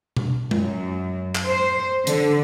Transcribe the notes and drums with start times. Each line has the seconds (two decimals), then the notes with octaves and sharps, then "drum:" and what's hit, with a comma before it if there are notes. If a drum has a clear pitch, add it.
0.17 drum: tom B2
0.51 F#2, drum: tom G#3
1.35 drum: clap
1.45 C5
2.07 D3, drum: hi-hat